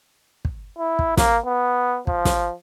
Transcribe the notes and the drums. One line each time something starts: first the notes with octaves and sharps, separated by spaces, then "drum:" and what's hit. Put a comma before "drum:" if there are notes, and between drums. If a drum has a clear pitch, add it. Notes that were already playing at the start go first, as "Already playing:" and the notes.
drum: kick
E4
drum: kick
A#3, drum: snare
B3
F3, drum: kick
drum: snare